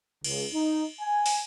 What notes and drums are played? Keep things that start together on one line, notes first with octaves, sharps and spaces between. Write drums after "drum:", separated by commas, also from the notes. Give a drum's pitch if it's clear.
C#2, drum: cymbal
D#4
G#5
drum: open hi-hat